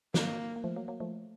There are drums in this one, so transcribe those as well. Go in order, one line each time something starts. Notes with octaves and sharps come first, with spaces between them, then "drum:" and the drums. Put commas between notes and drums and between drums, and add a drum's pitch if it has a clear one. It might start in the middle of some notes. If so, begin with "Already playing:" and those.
D#3 F#3 A#3, drum: snare
A#3
F3 A3
F#3 A#3
F#3 A#3
F3 A3